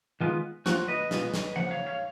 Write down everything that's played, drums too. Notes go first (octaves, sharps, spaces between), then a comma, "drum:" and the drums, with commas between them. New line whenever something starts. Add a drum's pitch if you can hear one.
D#3 G#3 B3 F4
F3 A#3 F4 F#4, drum: snare
B4 D#5
B2 G#3 B3 F4, drum: snare
drum: snare
C#3 F3 A#3 F#5
C#5 F5
C#5 F5